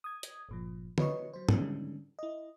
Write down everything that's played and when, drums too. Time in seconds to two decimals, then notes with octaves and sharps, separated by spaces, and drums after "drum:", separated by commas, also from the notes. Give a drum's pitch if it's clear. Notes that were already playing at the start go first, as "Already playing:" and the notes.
0.04 D#6 G#6
0.23 drum: hi-hat
0.49 G1 A#2 F3
0.98 B4 C#5 D#5 C#6, drum: tom D3
1.33 F#3 C5
1.49 D3 D#3 G3 G#3 C#4 D4, drum: tom G#2
2.19 E4 D#5